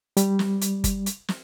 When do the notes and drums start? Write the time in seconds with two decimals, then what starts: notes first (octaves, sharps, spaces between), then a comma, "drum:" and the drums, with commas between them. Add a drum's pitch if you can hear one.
0.17 G3, drum: hi-hat
0.39 drum: snare
0.61 drum: hi-hat
0.84 drum: kick G1, hi-hat
1.06 drum: hi-hat
1.29 drum: snare